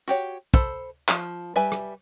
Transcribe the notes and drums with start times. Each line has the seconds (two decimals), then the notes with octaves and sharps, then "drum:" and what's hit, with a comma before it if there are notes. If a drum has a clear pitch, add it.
0.08 F#4 G4 C#5
0.54 A4 C5 B5, drum: kick
1.09 F3, drum: clap
1.56 G3 B4 E5 G#5
1.72 drum: rim click